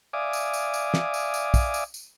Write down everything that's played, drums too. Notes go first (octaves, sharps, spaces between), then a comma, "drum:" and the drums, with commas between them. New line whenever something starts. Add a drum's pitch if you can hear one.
D5 E5 F5 G#5 D6 D#6
drum: tambourine
drum: tambourine
drum: tambourine
drum: snare
drum: tambourine
drum: tambourine
drum: kick, tambourine
drum: tambourine
drum: tambourine